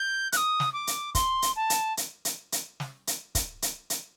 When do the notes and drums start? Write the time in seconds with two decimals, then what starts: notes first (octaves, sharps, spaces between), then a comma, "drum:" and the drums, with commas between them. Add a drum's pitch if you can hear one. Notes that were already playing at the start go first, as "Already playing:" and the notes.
Already playing: G6
0.32 F#6, drum: hi-hat
0.37 D#6
0.60 drum: snare
0.73 D6
0.87 drum: hi-hat
1.15 C6, drum: kick, hi-hat
1.42 drum: hi-hat
1.56 A5
1.70 drum: hi-hat
1.97 drum: hi-hat
2.25 drum: hi-hat
2.52 drum: hi-hat
2.80 drum: snare
3.07 drum: hi-hat
3.35 drum: kick, hi-hat
3.62 drum: hi-hat
3.90 drum: hi-hat